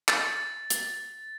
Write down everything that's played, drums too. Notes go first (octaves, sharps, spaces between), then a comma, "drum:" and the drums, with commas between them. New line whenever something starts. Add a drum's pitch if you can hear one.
A6, drum: clap
drum: hi-hat